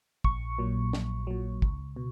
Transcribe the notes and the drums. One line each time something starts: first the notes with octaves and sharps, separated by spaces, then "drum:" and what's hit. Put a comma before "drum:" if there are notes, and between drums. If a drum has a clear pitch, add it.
A#1 C#6, drum: kick
A#2 F#3
A#1, drum: snare
A#2 F#3
C#2, drum: kick
B2